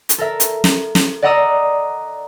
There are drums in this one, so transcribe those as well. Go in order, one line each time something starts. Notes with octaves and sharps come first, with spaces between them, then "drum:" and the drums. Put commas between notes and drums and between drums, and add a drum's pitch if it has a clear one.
drum: hi-hat
A4 A#4 E5
drum: hi-hat
drum: snare
drum: snare
D5 D#5 F#5 A#5 D#6 E6